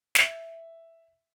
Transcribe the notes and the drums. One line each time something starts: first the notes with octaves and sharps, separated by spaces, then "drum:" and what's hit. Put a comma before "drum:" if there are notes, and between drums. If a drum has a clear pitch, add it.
E5, drum: snare